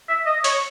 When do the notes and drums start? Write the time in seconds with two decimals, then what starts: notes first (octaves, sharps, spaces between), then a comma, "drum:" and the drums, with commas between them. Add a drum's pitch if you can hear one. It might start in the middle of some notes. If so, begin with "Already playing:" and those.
0.09 E5
0.26 D#5
0.44 C#5, drum: hi-hat